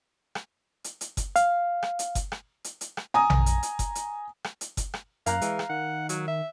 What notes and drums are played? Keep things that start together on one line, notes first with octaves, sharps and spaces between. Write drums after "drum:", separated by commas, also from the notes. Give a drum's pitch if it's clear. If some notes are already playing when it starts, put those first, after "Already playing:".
drum: rim click
drum: hi-hat
drum: hi-hat
drum: kick F#1, hi-hat
F5, drum: hi-hat
drum: rim click
drum: hi-hat
drum: kick F#1, hi-hat
drum: rim click
drum: hi-hat
drum: hi-hat
drum: rim click
G#5 A#5 D#6
drum: tom A#1
drum: hi-hat
drum: hi-hat
drum: kick F#1, hi-hat
drum: hi-hat
drum: rim click
drum: hi-hat
drum: kick F#1, hi-hat
drum: rim click
F#2 A#3 F5 A#5 F#6, drum: hi-hat
E3 G#3, drum: hi-hat
drum: rim click
D#3 F#5
F#3, drum: hi-hat
E5